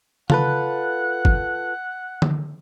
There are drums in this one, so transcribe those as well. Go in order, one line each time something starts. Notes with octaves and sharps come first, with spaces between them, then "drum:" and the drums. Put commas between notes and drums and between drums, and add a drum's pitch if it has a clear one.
F4 A4 B4 F#5, drum: tom C#3
drum: kick
drum: tom D3